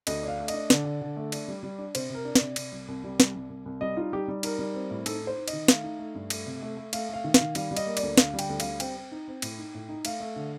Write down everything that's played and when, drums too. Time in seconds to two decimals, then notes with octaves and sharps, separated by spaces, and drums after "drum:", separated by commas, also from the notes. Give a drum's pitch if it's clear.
0.07 D2 D#5, drum: cymbal
0.23 D4 F5
0.39 A3
0.48 D#5, drum: cymbal
0.54 D4
0.70 D3 D5, drum: snare
0.85 D3
1.01 D3
1.17 A3
1.32 D4, drum: cymbal
1.48 G3
1.63 G3
1.79 D4
1.95 C3 C5, drum: cymbal
2.10 C3 A#4
2.25 D4
2.35 D5, drum: snare
2.41 C3
2.56 C3, drum: cymbal
2.72 C2
2.88 C2
3.04 G3
3.20 C2, drum: snare
3.35 C2
3.50 C2
3.66 C2
3.81 G3 D#5
3.96 D#4 F4
4.13 G3 G4
4.28 G3
4.43 D#4 A#4, drum: cymbal
4.59 G3
4.74 C4
4.90 A2
5.06 D#4 A4, drum: cymbal
5.21 D#4
5.27 C5
5.37 D#4
5.48 D#5, drum: cymbal
5.53 D#3
5.68 A3 F5, drum: snare
5.84 D#4
5.99 A3
6.15 G2
6.30 A3, drum: cymbal
6.46 C3
6.62 A3
6.77 A3
6.93 A3 F5, drum: cymbal
7.09 A3 F5
7.24 D#3
7.34 F5, drum: snare
7.40 D#3
7.55 G3 F5, drum: cymbal
7.71 G3
7.76 D#5, drum: cymbal
7.87 A#3
7.97 D5, drum: cymbal
8.03 D2
8.17 D3 F5, drum: snare
8.33 G3
8.39 G5, drum: cymbal
8.49 D2
8.60 G3 F5, drum: cymbal
8.80 C4 G5, drum: cymbal
8.96 C4
9.12 D#4
9.28 C4
9.42 A2, drum: cymbal
9.58 D#4
9.74 A2
9.89 D#4
10.05 A3 F5, drum: cymbal
10.20 A3
10.36 D3